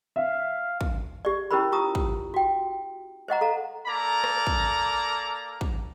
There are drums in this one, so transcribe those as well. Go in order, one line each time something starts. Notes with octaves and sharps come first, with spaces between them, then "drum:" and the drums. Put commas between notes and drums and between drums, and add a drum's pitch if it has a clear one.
E5 F5
drum: kick
G4 D5
C#4 E4 G4 A#4 C5 B5
F4 G4 A5 A#5 D#6
drum: kick
F#4 G5
C5 D#5 F#5 A#5
A4 F5 A#5
A#3 A4 D5 A#5
drum: rim click
drum: kick
drum: kick